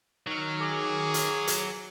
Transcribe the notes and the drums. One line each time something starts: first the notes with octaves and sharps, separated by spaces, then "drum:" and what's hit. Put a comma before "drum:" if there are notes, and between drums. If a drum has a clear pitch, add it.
D#3 F#3 F6
G#4 D6
drum: hi-hat
drum: hi-hat